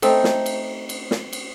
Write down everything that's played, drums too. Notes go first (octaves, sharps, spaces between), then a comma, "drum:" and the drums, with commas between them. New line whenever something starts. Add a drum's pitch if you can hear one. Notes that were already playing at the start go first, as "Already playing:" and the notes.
A3 C4 D#4, drum: cymbal
drum: snare
drum: cymbal
drum: cymbal
drum: snare
drum: cymbal